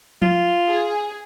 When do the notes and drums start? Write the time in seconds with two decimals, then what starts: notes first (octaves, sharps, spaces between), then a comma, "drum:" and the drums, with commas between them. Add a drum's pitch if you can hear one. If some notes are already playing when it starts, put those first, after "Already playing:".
0.22 F4, drum: tom F3
0.68 G#4